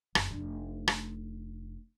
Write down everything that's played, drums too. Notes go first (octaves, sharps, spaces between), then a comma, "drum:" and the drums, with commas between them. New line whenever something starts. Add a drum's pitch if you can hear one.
F#1, drum: rim click
F1 D4
drum: rim click